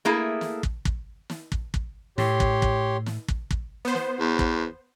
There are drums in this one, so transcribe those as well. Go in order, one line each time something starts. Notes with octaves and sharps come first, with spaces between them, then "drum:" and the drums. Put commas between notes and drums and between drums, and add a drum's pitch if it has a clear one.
A3 A#3 E4 G#4
drum: snare
drum: kick
drum: kick
drum: snare
drum: kick
drum: kick
A2 G4 C#5 C6, drum: snare
drum: kick
drum: kick
drum: snare
drum: kick
drum: kick
B3 C5
drum: snare
E2
drum: kick